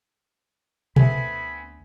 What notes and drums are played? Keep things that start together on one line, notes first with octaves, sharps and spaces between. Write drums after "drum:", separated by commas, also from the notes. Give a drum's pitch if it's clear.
D2 D3 B3 C4 A4 E5 G#5 B5, drum: tom B2